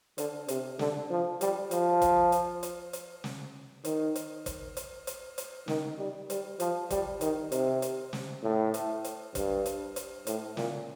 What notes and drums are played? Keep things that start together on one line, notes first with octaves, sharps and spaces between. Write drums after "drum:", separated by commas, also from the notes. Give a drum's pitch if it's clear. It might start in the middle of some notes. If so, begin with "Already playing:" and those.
D3, drum: hi-hat
C3, drum: hi-hat
D3, drum: snare
F3
G3, drum: hi-hat
F3, drum: hi-hat
drum: kick, hi-hat
drum: hi-hat
drum: hi-hat
drum: hi-hat
drum: snare
D#3, drum: hi-hat
drum: hi-hat
drum: kick, hi-hat
drum: hi-hat
drum: hi-hat
drum: hi-hat
D#3, drum: snare
G3
G3, drum: hi-hat
F3, drum: hi-hat
G3, drum: kick, hi-hat
D#3, drum: hi-hat
C3, drum: hi-hat
drum: hi-hat
drum: snare
A2
drum: hi-hat
drum: hi-hat
G2, drum: kick, hi-hat
drum: hi-hat
drum: hi-hat
A2, drum: hi-hat
A#2, drum: snare